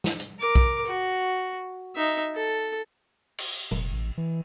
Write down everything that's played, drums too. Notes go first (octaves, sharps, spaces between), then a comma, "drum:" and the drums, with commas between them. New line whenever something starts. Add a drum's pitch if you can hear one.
drum: snare
drum: hi-hat
A#4 D6
drum: kick B1
F#4
D#4 E5
A4
drum: cymbal
F1, drum: tom A#2
A1
E3